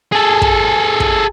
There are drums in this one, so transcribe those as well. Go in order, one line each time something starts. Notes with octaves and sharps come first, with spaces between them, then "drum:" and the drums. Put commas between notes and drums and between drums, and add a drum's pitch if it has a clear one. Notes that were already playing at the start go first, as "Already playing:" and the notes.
G#4 A4
drum: kick
drum: kick